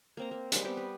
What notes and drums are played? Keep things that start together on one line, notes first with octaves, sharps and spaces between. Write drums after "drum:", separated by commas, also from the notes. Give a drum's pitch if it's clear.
A#3 C4 A#5
A#3
G3 G#3, drum: hi-hat
B3 C4 G4 D6
B4